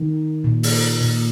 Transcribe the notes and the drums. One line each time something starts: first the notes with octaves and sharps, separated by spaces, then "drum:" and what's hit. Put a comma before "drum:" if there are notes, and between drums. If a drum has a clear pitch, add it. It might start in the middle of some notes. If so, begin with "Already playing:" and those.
Already playing: D#3
A#2
drum: open hi-hat
A#2